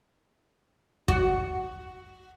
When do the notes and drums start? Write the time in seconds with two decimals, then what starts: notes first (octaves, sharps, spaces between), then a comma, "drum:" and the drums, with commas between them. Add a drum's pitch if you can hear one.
1.08 F#4, drum: kick